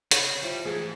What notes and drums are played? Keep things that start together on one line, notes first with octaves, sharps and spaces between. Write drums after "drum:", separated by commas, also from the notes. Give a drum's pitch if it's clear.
C#3 D#4 C#5 B5 G6, drum: hi-hat
F3 G3 E4
A1 G#2 G#3 G#4